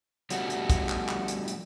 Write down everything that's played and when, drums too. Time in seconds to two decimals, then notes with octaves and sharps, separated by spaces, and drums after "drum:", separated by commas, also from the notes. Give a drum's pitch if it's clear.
0.30 F3 G3 A3 B3 D4 F#4, drum: hi-hat
0.50 drum: hi-hat
0.70 drum: kick, hi-hat
0.89 drum: clap
1.09 drum: clap
1.28 drum: hi-hat
1.48 drum: hi-hat